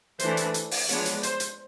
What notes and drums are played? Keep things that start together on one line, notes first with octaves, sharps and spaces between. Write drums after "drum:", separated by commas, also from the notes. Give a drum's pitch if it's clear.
E3 A3 D4 C5, drum: hi-hat
drum: hi-hat
drum: hi-hat
drum: open hi-hat
F3 G#3 B3 D4 C#5, drum: hi-hat
drum: hi-hat
C5, drum: hi-hat
drum: hi-hat